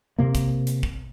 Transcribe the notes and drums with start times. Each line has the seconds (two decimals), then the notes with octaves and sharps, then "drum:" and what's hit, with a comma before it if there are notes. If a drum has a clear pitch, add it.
0.18 C3 A#3
0.35 drum: kick, hi-hat
0.67 drum: hi-hat
0.83 drum: kick